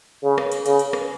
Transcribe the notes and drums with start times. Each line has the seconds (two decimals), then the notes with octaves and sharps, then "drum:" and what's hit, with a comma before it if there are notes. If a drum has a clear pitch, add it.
0.24 C#3
0.38 drum: rim click
0.52 drum: cymbal
0.66 C#3, drum: cymbal
0.79 drum: cymbal
0.93 drum: rim click